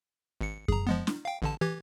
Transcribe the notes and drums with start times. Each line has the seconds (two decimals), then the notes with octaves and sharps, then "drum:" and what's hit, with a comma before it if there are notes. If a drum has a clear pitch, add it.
0.41 G#1 C#7
0.68 G#4 A#5, drum: kick F#2
0.87 F3 G#3 B3
1.07 drum: snare
1.25 F5 G5
1.42 A1 D3 A5
1.61 E3 G4 G#6